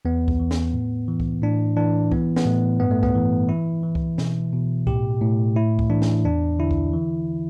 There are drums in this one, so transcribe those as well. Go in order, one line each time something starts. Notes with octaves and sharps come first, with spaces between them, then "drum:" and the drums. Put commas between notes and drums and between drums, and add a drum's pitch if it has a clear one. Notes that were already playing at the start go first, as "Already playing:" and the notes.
E2 B3
drum: kick C2
E3
drum: snare
A2
E3
drum: kick C2
A2 D4
E3 D4
E3 B3, drum: kick C2
B3, drum: snare
A2 A3
G2 B3
A3
B3, drum: kick C2
E3
E3 E4
E3
drum: kick C2
B2, drum: snare
B2
A2 G4, drum: kick C2
A2
A2 E4
drum: kick C2
E3 D4
drum: snare
E2 D4
D3 E4
drum: kick C2
E3